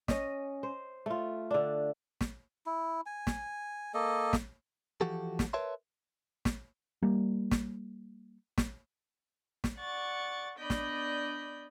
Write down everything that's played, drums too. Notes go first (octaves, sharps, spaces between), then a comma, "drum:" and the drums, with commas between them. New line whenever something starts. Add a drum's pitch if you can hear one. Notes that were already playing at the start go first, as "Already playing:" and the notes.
C#4 D#5, drum: snare
C5
A3 F4
D3 D4
drum: snare
E4
G#5
drum: snare
A#3 A4 D#5
drum: snare
E3 F3 F#4 G4 A4
drum: snare
A#4 B4 C#5 E5 A5 C6
drum: snare
G3 A#3
drum: snare
drum: snare
drum: snare
D5 F#5 C#6 A6
B3 D4 D5 D#5 B5 G6
drum: snare